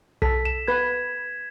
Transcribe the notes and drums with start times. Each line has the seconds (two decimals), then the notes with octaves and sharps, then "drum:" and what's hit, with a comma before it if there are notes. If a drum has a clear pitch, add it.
0.22 A4 B6, drum: kick B1
0.45 E7
0.68 B4 G#6